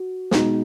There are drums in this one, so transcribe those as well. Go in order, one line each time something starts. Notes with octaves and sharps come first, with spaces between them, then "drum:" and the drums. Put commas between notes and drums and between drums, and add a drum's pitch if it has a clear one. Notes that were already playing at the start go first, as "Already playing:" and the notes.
Already playing: F#4
B2 G#3 D#4, drum: snare